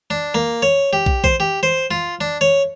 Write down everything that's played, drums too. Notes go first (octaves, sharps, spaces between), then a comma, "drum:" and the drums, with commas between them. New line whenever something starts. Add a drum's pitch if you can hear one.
D4
A#3
C#5
G4
drum: kick
C5, drum: kick
G4
C5
F4
D4
C#5